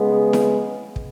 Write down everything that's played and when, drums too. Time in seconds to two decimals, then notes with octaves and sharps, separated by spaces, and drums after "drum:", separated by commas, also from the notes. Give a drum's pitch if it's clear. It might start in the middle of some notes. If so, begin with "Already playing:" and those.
Already playing: C#3 G#3 B3
0.33 drum: snare E4
0.96 drum: kick